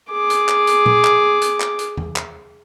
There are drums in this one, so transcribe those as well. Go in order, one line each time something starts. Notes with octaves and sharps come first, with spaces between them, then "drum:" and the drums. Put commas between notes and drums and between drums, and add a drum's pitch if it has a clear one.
G#4 D6
drum: hi-hat
drum: clap
drum: hi-hat
drum: tom
drum: clap
drum: hi-hat
drum: clap
drum: hi-hat
drum: tom
drum: clap